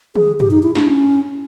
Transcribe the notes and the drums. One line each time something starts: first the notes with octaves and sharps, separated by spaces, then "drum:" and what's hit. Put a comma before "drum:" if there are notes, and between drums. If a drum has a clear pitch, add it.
G#4, drum: tom
G4, drum: tom
D#4
E4
D4, drum: snare
C#4